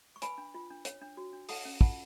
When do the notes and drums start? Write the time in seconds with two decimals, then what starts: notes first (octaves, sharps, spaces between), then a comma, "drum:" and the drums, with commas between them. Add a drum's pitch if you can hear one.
0.16 C#6
0.22 B4 G#5 B5, drum: hi-hat
0.38 D4
0.54 F4
0.70 D4
0.85 C#5, drum: hi-hat
1.02 D4
1.17 F#4
1.33 D4
1.49 A4 F#5 A5, drum: open hi-hat
1.65 C#4
1.81 F4 F#5 A5, drum: kick